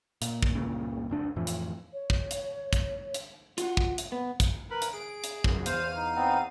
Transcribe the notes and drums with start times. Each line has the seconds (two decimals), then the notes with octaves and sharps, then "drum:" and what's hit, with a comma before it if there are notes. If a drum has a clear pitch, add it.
0.22 A#2, drum: hi-hat
0.43 drum: kick
0.55 C#2 G2 A#2 C#3
1.10 F1 C#2 D4
1.36 F2 A2 E3 F3
1.47 drum: hi-hat
1.93 C#5
2.10 drum: kick
2.31 drum: hi-hat
2.73 drum: kick, hi-hat
3.14 drum: hi-hat
3.58 F4 F#4 F#5, drum: hi-hat
3.77 drum: kick
3.98 drum: hi-hat
4.12 B3
4.40 drum: kick, hi-hat
4.70 A#4 B4 B5
4.82 drum: hi-hat
4.93 G#4 D7
5.24 drum: hi-hat
5.44 C#2 F#2, drum: kick
5.66 E2 C5 F5 D#7, drum: hi-hat
5.96 D#4
6.15 B3 C4 D#4